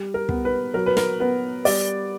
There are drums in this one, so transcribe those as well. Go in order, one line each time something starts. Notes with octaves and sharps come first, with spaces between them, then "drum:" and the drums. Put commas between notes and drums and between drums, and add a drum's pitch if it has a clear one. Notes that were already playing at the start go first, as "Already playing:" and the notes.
Already playing: G3
A#4
B3, drum: kick
B4
F#3 A#4
B4
A#4, drum: snare
B3 B4
G3 D5, drum: open hi-hat